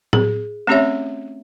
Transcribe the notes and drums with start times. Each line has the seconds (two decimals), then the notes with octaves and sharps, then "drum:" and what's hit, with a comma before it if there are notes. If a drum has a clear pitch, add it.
0.13 G#4, drum: tom A2
0.67 A3 C4 C#4 G4 C#5 E5